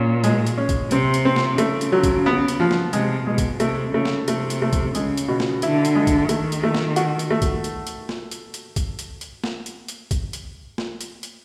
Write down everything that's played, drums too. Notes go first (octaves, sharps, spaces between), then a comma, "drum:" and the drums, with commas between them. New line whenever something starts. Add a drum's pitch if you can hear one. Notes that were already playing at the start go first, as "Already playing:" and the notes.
Already playing: A#2 C#4
G#3, drum: hi-hat
drum: hi-hat
C#4
drum: kick A#1, hi-hat
C3 C4, drum: hi-hat
drum: hi-hat
C4
drum: snare
C#3 A3, drum: hi-hat
drum: hi-hat
F#3
drum: kick A#1, hi-hat
B3
drum: hi-hat
F3
drum: snare
C3 G#3, drum: hi-hat
B2 G#3
drum: kick A#1, hi-hat
C3 A3, drum: hi-hat
C#3 A3
drum: snare
C3 A3, drum: hi-hat
drum: hi-hat
A3
drum: kick A#1, hi-hat
C#3 G#3, drum: hi-hat
drum: hi-hat
B2
drum: snare
D3 E4, drum: hi-hat
drum: hi-hat
G#3
drum: kick A#1, hi-hat
D#3 A3, drum: hi-hat
drum: hi-hat
A3
drum: snare
F#4, drum: hi-hat
drum: hi-hat
A3
drum: kick A#1, hi-hat
drum: hi-hat
drum: hi-hat
drum: snare
drum: hi-hat
drum: hi-hat
drum: kick A#1, hi-hat
drum: hi-hat
drum: hi-hat
drum: snare
drum: hi-hat
drum: hi-hat
drum: kick A#1, hi-hat
drum: hi-hat
drum: snare
drum: hi-hat
drum: hi-hat